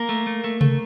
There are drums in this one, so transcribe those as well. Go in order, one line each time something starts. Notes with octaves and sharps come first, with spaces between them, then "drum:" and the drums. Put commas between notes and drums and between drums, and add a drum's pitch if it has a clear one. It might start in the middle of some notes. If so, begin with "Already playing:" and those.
Already playing: A#3 A#4
A3
A3
A3
A3, drum: tom C3